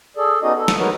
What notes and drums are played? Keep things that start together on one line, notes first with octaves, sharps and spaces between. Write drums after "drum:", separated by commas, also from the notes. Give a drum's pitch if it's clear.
G#4 A4 D5
B3 C#4 D#4 F#4 D#5
A4
drum: snare
G#3 D#4 F#4 A#4 B4 C#5